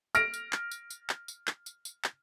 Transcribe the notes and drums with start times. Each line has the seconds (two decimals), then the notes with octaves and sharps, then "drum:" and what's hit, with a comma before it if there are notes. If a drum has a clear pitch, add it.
0.15 F6 A#6 D7, drum: tambourine
0.34 drum: tambourine
0.53 drum: clap
0.71 drum: tambourine
0.90 drum: tambourine
1.09 drum: clap
1.28 drum: tambourine
1.47 drum: clap
1.66 drum: tambourine
1.85 drum: tambourine
2.04 drum: clap